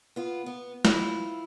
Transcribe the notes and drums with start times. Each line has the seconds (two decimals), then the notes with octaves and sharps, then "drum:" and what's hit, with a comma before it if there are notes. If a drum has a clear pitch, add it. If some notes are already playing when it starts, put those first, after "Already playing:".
0.16 B3 F4
0.46 B3
0.85 E4 F4, drum: snare